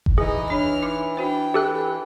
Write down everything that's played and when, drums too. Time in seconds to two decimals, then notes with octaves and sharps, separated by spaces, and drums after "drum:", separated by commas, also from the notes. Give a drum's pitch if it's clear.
0.06 drum: kick F#1
0.18 E3 D#4 G#4 D#5
0.50 D4 C#5 F6
0.82 D#4 D6
1.17 D4 F#4 C5 G5
1.54 E3 G4 A4 F#6